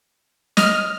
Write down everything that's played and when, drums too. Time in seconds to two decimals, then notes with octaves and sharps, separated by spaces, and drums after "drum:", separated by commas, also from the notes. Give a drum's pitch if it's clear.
0.57 D#5 F6, drum: snare